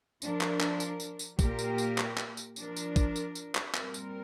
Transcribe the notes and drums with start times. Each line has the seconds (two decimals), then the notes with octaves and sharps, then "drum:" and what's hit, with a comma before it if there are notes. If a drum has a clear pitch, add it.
0.22 F3 D4 A#4, drum: tambourine
0.41 drum: clap
0.60 drum: clap
0.80 drum: tambourine
1.00 drum: tambourine
1.19 drum: tambourine
1.39 A#2 A#3 G4 A#4, drum: kick, tambourine
1.59 drum: tambourine
1.78 drum: tambourine
1.98 drum: clap
2.18 drum: clap
2.37 drum: tambourine
2.56 F3 D4 A#4, drum: tambourine
2.76 drum: tambourine
2.96 drum: kick, tambourine
3.16 drum: tambourine
3.35 drum: tambourine
3.55 drum: clap
3.74 A#2 G3 C4 A#4, drum: clap
3.94 drum: tambourine